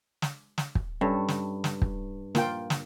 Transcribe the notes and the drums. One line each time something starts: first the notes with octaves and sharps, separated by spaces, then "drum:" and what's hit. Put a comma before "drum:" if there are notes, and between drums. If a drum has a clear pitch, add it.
drum: snare
drum: snare
drum: kick
G2 C#4 A4
drum: snare
drum: snare
drum: kick
A#3 F4 G5, drum: snare
drum: snare